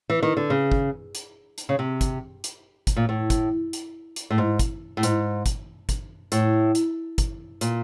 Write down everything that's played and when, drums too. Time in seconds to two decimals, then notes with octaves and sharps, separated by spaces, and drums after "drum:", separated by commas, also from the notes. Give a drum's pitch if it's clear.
0.10 E3
0.23 D#3
0.37 D3
0.50 C#3
0.72 drum: kick
1.15 drum: hi-hat
1.58 drum: hi-hat
1.69 C#3
1.79 C3
2.01 drum: kick, hi-hat
2.44 drum: hi-hat
2.87 drum: kick, hi-hat
2.96 A#2
3.09 A2
3.30 drum: kick, hi-hat
3.73 drum: hi-hat
4.16 drum: hi-hat
4.30 A2
4.38 G#2
4.59 drum: kick, hi-hat
4.97 A2
5.03 G#2, drum: hi-hat
5.46 drum: kick, hi-hat
5.89 drum: kick, hi-hat
6.32 A2, drum: hi-hat
6.75 drum: hi-hat
7.18 drum: kick, hi-hat
7.61 A#2, drum: hi-hat